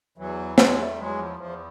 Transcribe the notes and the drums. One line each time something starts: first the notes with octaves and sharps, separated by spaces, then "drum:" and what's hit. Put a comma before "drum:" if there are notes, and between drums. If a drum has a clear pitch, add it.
E2 E3 F#3
E2 F#3 G#3, drum: snare
G3 A3
E2 F#3 G#3
F3
E2 F3